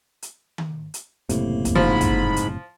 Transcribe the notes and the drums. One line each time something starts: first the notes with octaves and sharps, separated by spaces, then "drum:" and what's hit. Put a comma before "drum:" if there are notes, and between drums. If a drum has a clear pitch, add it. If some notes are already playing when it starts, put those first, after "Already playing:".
drum: hi-hat
drum: tom D#3
drum: hi-hat
F#1 F#2 A2 C3 A#3, drum: hi-hat
drum: kick, hi-hat
G#2 F3 B5
drum: kick, hi-hat
drum: hi-hat